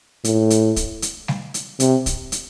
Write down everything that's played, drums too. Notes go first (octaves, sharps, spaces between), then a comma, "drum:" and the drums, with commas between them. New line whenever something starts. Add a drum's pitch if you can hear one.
A2, drum: hi-hat
drum: hi-hat
drum: kick, hi-hat
drum: hi-hat
drum: snare G3
drum: hi-hat
C3, drum: hi-hat
drum: kick, hi-hat
drum: hi-hat